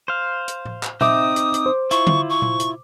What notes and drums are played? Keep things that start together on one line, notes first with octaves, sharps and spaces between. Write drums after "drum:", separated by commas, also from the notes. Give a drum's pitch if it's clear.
C5 F5
drum: hi-hat
drum: tom A2
drum: clap
C4 D#4 E5 D6 D#6, drum: tom A#2
drum: hi-hat
drum: hi-hat
C5
E4 F4 C#6, drum: hi-hat
drum: tom D3
C#6
drum: tom A#2
drum: hi-hat